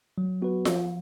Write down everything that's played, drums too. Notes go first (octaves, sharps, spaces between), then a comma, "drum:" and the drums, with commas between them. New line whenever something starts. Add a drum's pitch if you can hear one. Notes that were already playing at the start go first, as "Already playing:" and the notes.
F#3
B3 F#4 B4
F3, drum: snare F4